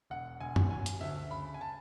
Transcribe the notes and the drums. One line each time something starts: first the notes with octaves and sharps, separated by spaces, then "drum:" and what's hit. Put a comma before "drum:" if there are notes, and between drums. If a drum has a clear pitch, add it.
E1 F#5
E1 G#5
drum: tom F#2
F#3 G#5
drum: hi-hat
D2 E5
C#3 B5
G#5
A5